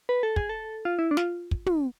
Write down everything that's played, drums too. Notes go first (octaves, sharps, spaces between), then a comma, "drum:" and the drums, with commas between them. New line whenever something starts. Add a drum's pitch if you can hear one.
B4
A4
G#4, drum: kick
A4
F4
E4
D4
F4, drum: snare
drum: kick
drum: tom